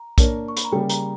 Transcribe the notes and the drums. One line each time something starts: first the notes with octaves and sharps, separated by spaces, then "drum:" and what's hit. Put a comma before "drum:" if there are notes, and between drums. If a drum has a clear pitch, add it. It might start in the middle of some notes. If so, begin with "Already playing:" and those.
Already playing: A#5
A#3 D4 A#4 C#5, drum: kick, hi-hat
C#6
B5, drum: hi-hat
A#5
C#3 G3 A#3 G5
A#5, drum: hi-hat